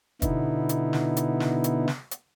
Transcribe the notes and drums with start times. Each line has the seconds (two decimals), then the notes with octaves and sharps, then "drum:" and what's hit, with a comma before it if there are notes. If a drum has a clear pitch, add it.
0.22 B2 D3 B3 D#4 E4, drum: kick, hi-hat
0.69 drum: hi-hat
0.93 drum: snare
1.17 drum: hi-hat
1.40 drum: snare
1.64 drum: hi-hat
1.88 drum: snare
2.11 drum: hi-hat